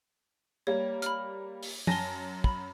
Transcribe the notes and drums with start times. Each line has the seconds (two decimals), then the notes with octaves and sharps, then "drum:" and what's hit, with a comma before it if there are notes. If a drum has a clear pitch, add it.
0.67 G3 A#3 C#5
1.02 B5 F6, drum: hi-hat
1.63 drum: open hi-hat
1.87 F#2 G#5 A5 A#6 G7, drum: tom
2.44 B5, drum: kick